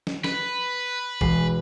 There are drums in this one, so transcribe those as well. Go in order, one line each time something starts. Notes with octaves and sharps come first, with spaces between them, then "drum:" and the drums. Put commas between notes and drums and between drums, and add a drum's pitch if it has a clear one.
drum: snare
B4, drum: snare
E1 G#3 C7, drum: kick